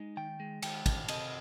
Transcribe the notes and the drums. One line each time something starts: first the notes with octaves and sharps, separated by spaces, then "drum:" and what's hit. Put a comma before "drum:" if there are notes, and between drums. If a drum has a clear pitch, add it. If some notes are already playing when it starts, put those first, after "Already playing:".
Already playing: G#3 D#4
D#3 G5
G#3
D#3 G5, drum: cymbal
D#3, drum: kick, cymbal
C3 D#5, drum: cymbal